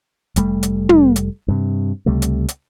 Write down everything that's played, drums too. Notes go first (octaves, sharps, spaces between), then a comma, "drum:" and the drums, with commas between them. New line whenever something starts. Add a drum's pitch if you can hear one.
F1 G3 A3, drum: hi-hat
drum: hi-hat
drum: tom
drum: hi-hat
G2 C3
C#2 C3 G3 A3
drum: hi-hat
drum: hi-hat